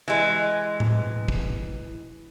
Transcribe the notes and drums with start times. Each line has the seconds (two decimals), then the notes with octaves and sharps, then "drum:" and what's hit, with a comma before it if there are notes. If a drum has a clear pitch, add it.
0.08 E3 G#3
0.80 drum: tom A2
1.28 drum: kick